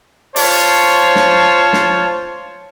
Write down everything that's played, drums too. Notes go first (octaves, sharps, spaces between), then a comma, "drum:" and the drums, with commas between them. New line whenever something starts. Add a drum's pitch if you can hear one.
F4 C5 C#5 A5, drum: open hi-hat
drum: snare
drum: snare